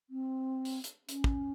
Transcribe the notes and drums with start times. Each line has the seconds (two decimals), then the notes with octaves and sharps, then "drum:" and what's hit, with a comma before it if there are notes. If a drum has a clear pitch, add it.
0.10 C4
0.65 drum: open hi-hat
0.84 drum: hi-hat
1.09 C#4, drum: hi-hat
1.24 drum: kick